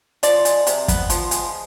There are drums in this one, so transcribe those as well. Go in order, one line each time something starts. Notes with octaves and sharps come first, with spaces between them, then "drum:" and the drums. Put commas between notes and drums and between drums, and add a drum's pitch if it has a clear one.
F3 D5, drum: hi-hat
G#3, drum: hi-hat
C3, drum: hi-hat
B3, drum: kick, hi-hat
F3, drum: hi-hat
G#3, drum: hi-hat